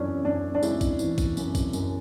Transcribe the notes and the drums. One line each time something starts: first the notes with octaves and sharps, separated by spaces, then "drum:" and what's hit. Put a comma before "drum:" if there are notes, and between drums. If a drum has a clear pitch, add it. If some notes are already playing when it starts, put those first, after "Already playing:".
Already playing: F#2 E3 C#4 D4 E4
F#2 D4
D4
G#3 E4, drum: tambourine
drum: kick A#1, tambourine
E3, drum: tambourine
drum: kick A#1, tambourine
F#2, drum: tambourine
drum: kick A#1, tambourine
F#2, drum: tambourine